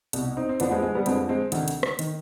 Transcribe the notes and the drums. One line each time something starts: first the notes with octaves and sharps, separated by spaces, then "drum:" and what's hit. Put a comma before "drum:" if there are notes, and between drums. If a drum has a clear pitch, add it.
C2 B2, drum: hi-hat
C4 D#4
C4
F2 D3 F3 B3 D4, drum: hi-hat
G#3 C4
G#3
G3 B3
F2 D3 F3 G#3 C4, drum: hi-hat
G#3 C4
D2 C3 D#3, drum: hi-hat
drum: hi-hat
drum: rim click
D#3, drum: hi-hat